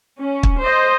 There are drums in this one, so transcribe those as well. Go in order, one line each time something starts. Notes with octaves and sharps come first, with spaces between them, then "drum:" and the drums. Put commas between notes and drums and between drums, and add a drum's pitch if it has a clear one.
C#4
drum: kick
C5 D#5